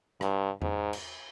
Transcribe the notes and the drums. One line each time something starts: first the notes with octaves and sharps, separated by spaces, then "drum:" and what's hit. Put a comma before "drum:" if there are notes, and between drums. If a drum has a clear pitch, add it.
G2, drum: rim click
G#2, drum: tom E2
drum: cymbal